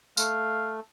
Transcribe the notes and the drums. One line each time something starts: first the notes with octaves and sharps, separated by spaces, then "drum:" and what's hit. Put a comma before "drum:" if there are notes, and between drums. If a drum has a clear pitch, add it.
A3 F5, drum: tambourine